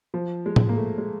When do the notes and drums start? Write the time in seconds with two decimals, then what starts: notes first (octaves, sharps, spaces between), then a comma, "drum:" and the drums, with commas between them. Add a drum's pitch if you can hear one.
0.14 F3
0.46 G#3
0.56 drum: tom A2
0.69 A#3
0.77 A3
0.98 G#3